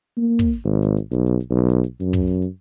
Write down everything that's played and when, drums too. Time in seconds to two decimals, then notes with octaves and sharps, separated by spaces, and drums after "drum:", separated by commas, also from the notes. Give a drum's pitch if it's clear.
0.17 A#3
0.39 drum: kick, hi-hat
0.54 drum: hi-hat
0.65 G#1
0.83 drum: hi-hat
0.97 drum: hi-hat
1.12 B1, drum: hi-hat
1.26 drum: hi-hat
1.41 drum: hi-hat
1.50 B1
1.70 drum: hi-hat
1.84 drum: hi-hat
2.00 F#2, drum: hi-hat
2.13 drum: kick, hi-hat
2.28 drum: hi-hat
2.42 drum: hi-hat